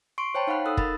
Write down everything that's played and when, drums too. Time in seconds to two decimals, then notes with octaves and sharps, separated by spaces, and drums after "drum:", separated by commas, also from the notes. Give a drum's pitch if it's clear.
0.18 C6 C#6 C7 D7
0.34 C5 C#5 G5 A5 B5
0.47 D#4 F5 F#5 B5 F#6
0.66 D#4 A4 D#6 E6 F#6
0.77 A#4 B5 A6, drum: kick